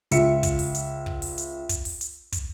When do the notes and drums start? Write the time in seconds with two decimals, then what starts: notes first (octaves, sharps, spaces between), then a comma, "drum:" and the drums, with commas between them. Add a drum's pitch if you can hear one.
0.11 C#2 F4 E5 C#7, drum: hi-hat
0.43 drum: kick, hi-hat
0.59 drum: open hi-hat
0.75 drum: hi-hat
1.06 drum: kick
1.22 drum: open hi-hat
1.38 drum: hi-hat
1.69 drum: kick, hi-hat
1.85 drum: open hi-hat
2.01 drum: hi-hat
2.32 drum: kick, hi-hat